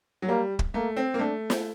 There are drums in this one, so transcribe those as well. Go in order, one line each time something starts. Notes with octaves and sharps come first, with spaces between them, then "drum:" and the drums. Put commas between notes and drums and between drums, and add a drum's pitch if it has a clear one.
F#3
G3 A#3
drum: kick
A3 A#3
C4
A#3
A3 D4
drum: snare